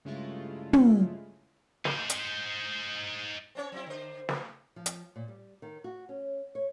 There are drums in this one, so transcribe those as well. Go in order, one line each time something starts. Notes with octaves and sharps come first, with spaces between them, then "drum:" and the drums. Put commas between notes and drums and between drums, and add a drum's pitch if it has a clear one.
G2 C#3 G#3 A3 E4 F4
drum: tom
D#4 C5, drum: snare
drum: hi-hat
C4 C#4 C#5
F#3 C4 E4
D3 C5
B3, drum: snare
F3
drum: hi-hat
A#2
G3
D#3
F#4
C#4
C#5